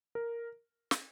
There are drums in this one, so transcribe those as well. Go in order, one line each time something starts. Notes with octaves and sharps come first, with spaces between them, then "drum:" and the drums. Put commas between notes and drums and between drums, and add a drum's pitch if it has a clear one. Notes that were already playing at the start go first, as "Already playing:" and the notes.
A#4
drum: snare